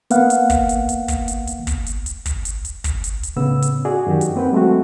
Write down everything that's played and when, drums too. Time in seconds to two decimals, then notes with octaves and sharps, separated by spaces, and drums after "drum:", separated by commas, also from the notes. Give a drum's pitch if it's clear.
0.10 A#3 B3 F5 F#5, drum: hi-hat
0.30 drum: hi-hat
0.50 drum: kick, hi-hat
0.69 drum: hi-hat
0.89 drum: hi-hat
1.08 drum: kick, hi-hat
1.28 drum: hi-hat
1.47 drum: hi-hat
1.67 drum: kick, hi-hat
1.86 drum: hi-hat
2.06 drum: hi-hat
2.26 drum: kick, hi-hat
2.45 drum: hi-hat
2.65 drum: hi-hat
2.84 drum: kick, hi-hat
3.04 drum: hi-hat
3.23 drum: hi-hat
3.36 A2 C#3 B3 E6
3.62 drum: hi-hat
3.85 F#4 G#4 D5
4.07 F#2 D#3 F#4 G4
4.21 drum: hi-hat
4.36 A#3 C4 B4 F#5 G5
4.52 F#3 G#3 A3 C4 F#4